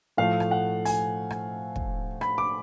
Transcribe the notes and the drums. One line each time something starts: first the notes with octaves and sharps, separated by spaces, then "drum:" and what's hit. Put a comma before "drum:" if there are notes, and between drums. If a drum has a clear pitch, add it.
A2 F3 A3 F5
drum: rim click
F#5
G#5, drum: open hi-hat
drum: rim click
drum: kick
B5, drum: rim click
D6